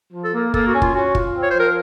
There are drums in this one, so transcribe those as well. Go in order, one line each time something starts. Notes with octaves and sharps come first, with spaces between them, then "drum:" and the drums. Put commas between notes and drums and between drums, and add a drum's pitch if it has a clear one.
F3
A4
A#3
A#3 A4, drum: kick
F#4
C#4
F4, drum: kick
C#4 F#4
F4, drum: kick
C4
C#5
C5
F3 A#4